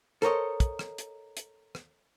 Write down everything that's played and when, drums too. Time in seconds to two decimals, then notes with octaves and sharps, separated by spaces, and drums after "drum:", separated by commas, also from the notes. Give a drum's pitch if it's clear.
0.22 A4 A#4 C5 C#5 D#5, drum: rim click
0.60 drum: kick, hi-hat
0.79 drum: rim click
0.98 drum: hi-hat
1.37 drum: hi-hat
1.75 drum: rim click